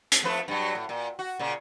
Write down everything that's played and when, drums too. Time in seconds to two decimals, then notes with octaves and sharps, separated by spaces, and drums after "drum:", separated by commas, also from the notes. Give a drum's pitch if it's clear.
0.12 drum: hi-hat
0.23 F3 A3 B4
0.48 G2 F#3
0.75 A2
0.89 A#2
1.19 F#4
1.39 A#2 C#3